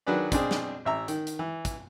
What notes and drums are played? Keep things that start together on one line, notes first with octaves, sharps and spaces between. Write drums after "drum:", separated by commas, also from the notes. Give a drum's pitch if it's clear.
D#3 F#3 D4 G#4 B4 D5
B2 C4 D4 G#4, drum: kick, hi-hat
drum: snare
A1 E5 A#5
D#3, drum: hi-hat
drum: hi-hat
E3
drum: kick, hi-hat